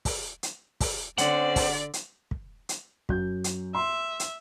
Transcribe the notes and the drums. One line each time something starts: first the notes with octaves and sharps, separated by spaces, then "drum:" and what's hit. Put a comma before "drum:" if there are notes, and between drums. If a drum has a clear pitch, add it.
drum: kick, open hi-hat
drum: hi-hat
drum: kick, open hi-hat
D3 C4 C#4 C5 D5 F#5, drum: hi-hat
drum: kick, open hi-hat
drum: hi-hat
drum: kick
drum: hi-hat
F#2 G6, drum: kick
drum: hi-hat
E5 C6
drum: hi-hat